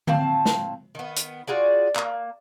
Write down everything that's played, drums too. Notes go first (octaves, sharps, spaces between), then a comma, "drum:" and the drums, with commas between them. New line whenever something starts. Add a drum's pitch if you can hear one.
A2 C4 F5 A5, drum: tom D3
drum: snare
D#3 B3
drum: hi-hat
F4 F#4 G#4 D5
A#3, drum: clap